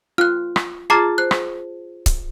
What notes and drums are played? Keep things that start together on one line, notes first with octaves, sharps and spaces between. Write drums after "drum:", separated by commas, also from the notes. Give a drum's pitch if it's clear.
F4 F6 F#6
drum: rim click
F4 G#4 A5 A#5 D6 C7
C5 F#6
drum: rim click
drum: kick C#1, hi-hat